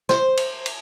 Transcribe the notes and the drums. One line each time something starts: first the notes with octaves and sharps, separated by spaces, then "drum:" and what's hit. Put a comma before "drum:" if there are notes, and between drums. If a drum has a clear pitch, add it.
C5, drum: snare
drum: cymbal
drum: cymbal